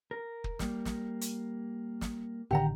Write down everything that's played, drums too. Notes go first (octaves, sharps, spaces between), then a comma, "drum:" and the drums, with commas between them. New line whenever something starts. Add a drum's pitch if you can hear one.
A#4
drum: kick
G3 A#3, drum: snare
drum: snare
drum: hi-hat
drum: snare
A1 D3 D#3 G4 F#5 A#5